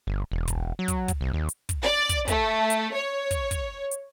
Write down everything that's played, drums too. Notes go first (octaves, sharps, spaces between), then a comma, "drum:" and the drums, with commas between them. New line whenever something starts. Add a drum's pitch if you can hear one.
G1
E1
drum: kick, hi-hat
F#3
drum: kick, hi-hat
drum: kick, hi-hat
C2
D#2
drum: hi-hat
drum: kick, hi-hat
D5
drum: kick, hi-hat
A3, drum: kick, hi-hat
drum: hi-hat
C#5
drum: kick, hi-hat
drum: kick, hi-hat
drum: hi-hat